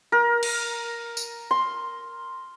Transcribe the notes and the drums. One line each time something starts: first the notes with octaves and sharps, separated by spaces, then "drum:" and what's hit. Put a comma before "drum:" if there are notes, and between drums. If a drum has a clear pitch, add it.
A#4
drum: cymbal
drum: tambourine
C6